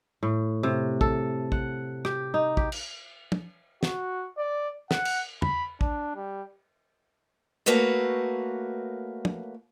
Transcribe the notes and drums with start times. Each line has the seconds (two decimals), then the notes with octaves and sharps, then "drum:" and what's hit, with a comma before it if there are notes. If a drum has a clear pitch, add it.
0.23 A2
0.63 C3
1.01 A4, drum: kick
1.52 F#5, drum: kick
2.05 G4, drum: rim click
2.34 D#4
2.57 G4, drum: kick
2.72 drum: cymbal
3.32 drum: tom
3.83 F#4, drum: snare
4.38 D5
4.91 F#5, drum: snare
5.05 drum: cymbal
5.42 B5, drum: tom
5.81 D4, drum: kick
6.16 G3
7.66 A3 A#3 F#4 B4 C#5
9.25 drum: tom